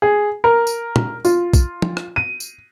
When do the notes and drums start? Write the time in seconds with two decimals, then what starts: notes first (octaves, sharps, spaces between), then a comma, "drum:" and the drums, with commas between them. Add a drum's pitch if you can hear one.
0.02 G#4
0.44 A#4
0.67 drum: tambourine
0.96 drum: tom
1.25 F4, drum: tambourine
1.54 drum: kick B1, tambourine
1.82 drum: tom
1.97 drum: rim click
2.16 D#7
2.40 drum: tambourine